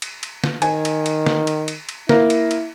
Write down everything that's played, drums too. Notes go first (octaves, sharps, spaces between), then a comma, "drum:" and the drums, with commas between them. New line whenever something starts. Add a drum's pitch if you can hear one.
drum: cymbal
drum: cymbal
drum: snare
D#3 G#5, drum: cymbal
drum: cymbal
drum: cymbal
drum: snare
drum: cymbal
drum: cymbal
drum: cymbal
A#3 E4, drum: snare
drum: cymbal
drum: cymbal